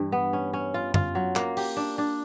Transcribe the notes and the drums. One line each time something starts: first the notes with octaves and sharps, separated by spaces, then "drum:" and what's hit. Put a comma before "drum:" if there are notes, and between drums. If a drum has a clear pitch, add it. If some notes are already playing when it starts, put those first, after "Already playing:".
Already playing: G2 E3
B3
C#4
C#4
F4
F4, drum: tom F#2
F#3
A#3, drum: clap
G4, drum: open hi-hat
D4
D4